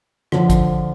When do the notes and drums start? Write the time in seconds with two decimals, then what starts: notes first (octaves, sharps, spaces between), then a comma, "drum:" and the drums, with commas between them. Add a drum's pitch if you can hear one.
0.32 D3 F3, drum: rim click
0.50 drum: kick, hi-hat